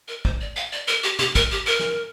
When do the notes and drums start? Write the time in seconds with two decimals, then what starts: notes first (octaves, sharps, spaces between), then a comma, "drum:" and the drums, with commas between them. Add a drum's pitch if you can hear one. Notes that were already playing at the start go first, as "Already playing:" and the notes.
0.08 A#4
0.25 C5, drum: kick
0.41 D5
0.56 F5
0.73 D5
0.88 A#4
1.03 G4
1.19 G4, drum: tom
1.35 A#4, drum: kick
1.52 G4
1.66 A#4
1.79 drum: snare